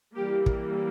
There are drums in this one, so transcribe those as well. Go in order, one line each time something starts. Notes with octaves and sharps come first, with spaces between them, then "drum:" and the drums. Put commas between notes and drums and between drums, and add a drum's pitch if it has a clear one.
E3 G3 A#3 G4
drum: kick